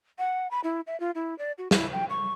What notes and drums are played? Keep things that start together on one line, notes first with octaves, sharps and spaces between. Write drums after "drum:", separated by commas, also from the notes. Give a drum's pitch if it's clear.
F#5
B5
E4
E5
F4
E4
D5
F#4
E4, drum: snare
G5
C#6